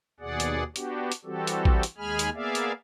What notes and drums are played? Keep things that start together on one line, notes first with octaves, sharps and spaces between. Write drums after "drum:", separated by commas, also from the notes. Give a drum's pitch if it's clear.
D#2 B2 G#4 D5 F#5
drum: hi-hat
B3 D4 F#4 G4, drum: hi-hat
drum: hi-hat
E3 G3 C4 F#4 G4 A4
drum: hi-hat
drum: kick A1
drum: hi-hat
D#2 G#3 G#4 G#5 B5 F6
drum: hi-hat
A#3 B3 G#4 D5 E5 F5
drum: hi-hat